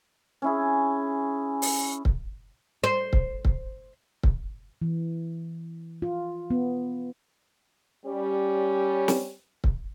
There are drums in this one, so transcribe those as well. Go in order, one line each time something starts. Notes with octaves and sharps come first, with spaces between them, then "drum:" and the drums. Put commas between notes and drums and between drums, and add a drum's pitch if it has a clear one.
C#4 E4 G#4
drum: open hi-hat
drum: kick C#1
C5
drum: kick C#1
drum: kick C#1
drum: kick C#1
E3
F4
B3
G3 C#4 G4
drum: snare
drum: kick C#1